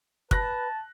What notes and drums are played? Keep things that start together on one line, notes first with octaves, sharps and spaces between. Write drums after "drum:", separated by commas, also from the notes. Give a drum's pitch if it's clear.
B4 A5 F#6 A#6, drum: kick